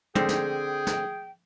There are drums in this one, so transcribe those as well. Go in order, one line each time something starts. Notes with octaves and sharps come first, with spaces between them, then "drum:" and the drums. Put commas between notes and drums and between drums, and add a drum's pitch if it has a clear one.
D3 C4 G#4 G5, drum: tom
drum: snare
drum: snare